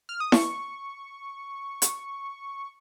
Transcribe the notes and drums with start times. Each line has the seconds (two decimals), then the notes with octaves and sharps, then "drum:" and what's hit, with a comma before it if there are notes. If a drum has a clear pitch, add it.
0.09 F6
0.20 D#6
0.32 C#6, drum: snare E4
1.82 drum: hi-hat